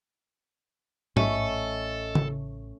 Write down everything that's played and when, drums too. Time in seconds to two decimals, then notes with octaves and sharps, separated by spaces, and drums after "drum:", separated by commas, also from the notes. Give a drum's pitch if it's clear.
1.17 A1 A3 C#4 A4 D#5, drum: tom
2.15 drum: tom C#3